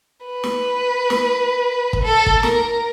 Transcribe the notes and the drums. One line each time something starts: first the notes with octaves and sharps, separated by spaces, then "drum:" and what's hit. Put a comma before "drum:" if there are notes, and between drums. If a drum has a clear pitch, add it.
B4
drum: snare
drum: snare
drum: kick
A4
drum: kick
A#4, drum: snare